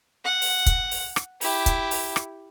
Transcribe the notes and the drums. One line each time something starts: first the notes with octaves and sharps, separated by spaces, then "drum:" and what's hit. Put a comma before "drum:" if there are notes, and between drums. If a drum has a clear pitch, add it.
F#5
drum: open hi-hat
drum: kick, hi-hat
drum: open hi-hat
drum: rim click
E4 G4, drum: open hi-hat
drum: kick, hi-hat
drum: open hi-hat
drum: rim click